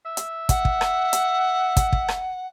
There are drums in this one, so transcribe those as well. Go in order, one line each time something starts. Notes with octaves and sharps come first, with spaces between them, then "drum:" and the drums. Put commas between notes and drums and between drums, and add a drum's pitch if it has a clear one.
E5
drum: hi-hat
F#5, drum: kick, hi-hat
drum: kick
drum: rim click
drum: hi-hat
drum: kick, hi-hat
drum: kick
drum: rim click